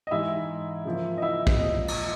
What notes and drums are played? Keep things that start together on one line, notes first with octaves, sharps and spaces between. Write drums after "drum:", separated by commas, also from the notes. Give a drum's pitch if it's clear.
D#5
G#2 E3 G#3 E4 E5
C#3 F3 A#3
D#5
E4 E5
drum: kick
A#2 F3 G#3 C4 D#5
drum: cymbal